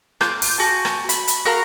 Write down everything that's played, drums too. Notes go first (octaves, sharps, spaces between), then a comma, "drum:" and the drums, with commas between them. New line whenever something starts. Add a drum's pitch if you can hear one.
F4 D6 G6, drum: rim click
drum: open hi-hat
F#4 G#5 A5
drum: rim click
B5, drum: hi-hat
drum: hi-hat
F#4 A#4 F5 A#5